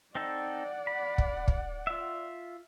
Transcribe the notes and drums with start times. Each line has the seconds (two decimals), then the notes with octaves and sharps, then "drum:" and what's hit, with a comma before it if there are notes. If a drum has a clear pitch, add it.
0.15 C4 D#4 A4 D5 F#5
0.87 B5
1.18 drum: kick
1.48 drum: kick
1.87 F4 E5